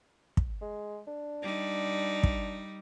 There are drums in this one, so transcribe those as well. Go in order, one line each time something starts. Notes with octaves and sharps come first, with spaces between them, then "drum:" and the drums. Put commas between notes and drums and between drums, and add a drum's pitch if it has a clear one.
drum: kick
G#3
D4
G3 D#4
drum: kick